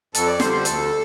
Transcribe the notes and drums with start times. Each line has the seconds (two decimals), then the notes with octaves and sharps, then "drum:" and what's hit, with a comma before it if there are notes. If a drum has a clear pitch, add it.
0.15 F2 A4, drum: hi-hat
0.27 D5
0.40 D3 G3 C5, drum: snare
0.52 C5
0.65 D2 A4, drum: hi-hat